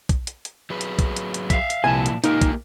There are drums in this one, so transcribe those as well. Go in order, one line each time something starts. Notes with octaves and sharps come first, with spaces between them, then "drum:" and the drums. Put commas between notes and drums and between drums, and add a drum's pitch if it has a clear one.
drum: kick, hi-hat
drum: hi-hat
drum: hi-hat
F#3 G#4 B4
drum: hi-hat
drum: kick, hi-hat
drum: hi-hat
drum: hi-hat
E5 F5, drum: kick, hi-hat
drum: hi-hat
C2 A#2 F3 E4 G#5 A5
drum: hi-hat
C#2 A#2 A#3 D#4 G4 A#4, drum: hi-hat
drum: kick, hi-hat